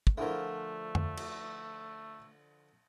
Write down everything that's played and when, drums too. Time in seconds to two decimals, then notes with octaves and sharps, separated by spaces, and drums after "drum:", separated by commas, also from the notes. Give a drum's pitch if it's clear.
0.07 drum: kick
0.18 D3 F3 A3 E4 G#4 A#4
0.95 drum: tom F2
1.17 drum: cymbal